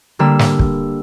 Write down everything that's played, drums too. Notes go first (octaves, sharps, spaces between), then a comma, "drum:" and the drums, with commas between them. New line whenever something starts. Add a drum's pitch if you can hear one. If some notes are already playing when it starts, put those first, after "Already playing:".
D3 G3 A#3 E6
drum: snare
drum: kick